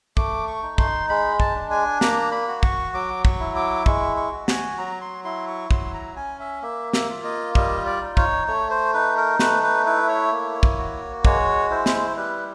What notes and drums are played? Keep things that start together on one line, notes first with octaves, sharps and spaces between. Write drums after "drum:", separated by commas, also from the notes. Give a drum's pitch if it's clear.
A3 D6, drum: kick
C#6
D#4
C6, drum: kick
G#3 B5
A5, drum: kick
D4
G#5
A#3 A#5, drum: snare
B5
F#4
C#6, drum: kick
F#3 D6
C#6, drum: kick
E4
D6
G#3 C#6, drum: kick
C#6
F#4
G#5, drum: snare
F#3 A#5
C6
E4 C6
C#6
F#3 C6, drum: kick
A#5
C#4 G#5
E5
A#3 E5
E5, drum: snare
F4
D#5
G3 D#5, drum: kick
D5
D#4
C#5, drum: kick
A3 C#5
C5
D#4 B4
A#4
A3 B4, drum: snare
B4
E4 B4
C#5
A#3
drum: kick
F#4
G#3 C#5, drum: kick
E4 C5
drum: snare
G3 B4